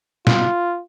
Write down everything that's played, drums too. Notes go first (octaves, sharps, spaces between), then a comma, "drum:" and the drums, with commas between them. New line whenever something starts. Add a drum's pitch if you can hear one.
F4, drum: snare